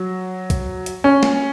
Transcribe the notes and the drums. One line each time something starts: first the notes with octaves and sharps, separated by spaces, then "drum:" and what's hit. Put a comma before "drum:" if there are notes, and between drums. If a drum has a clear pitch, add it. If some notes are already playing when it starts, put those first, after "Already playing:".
Already playing: F#3
drum: kick, hi-hat
drum: hi-hat
C#4
drum: snare